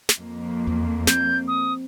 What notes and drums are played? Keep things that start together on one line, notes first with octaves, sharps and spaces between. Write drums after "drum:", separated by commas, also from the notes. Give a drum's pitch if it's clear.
drum: snare
F2 A#3
E2
C4 G6, drum: snare
D#6